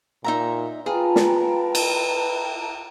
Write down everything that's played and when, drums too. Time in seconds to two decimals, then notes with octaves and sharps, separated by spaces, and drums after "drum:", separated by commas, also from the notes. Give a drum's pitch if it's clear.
0.24 A#2 D#4 E5 A#5
0.86 F4 G#4 B4 G5 A5 A#5
1.16 drum: snare
1.75 drum: cymbal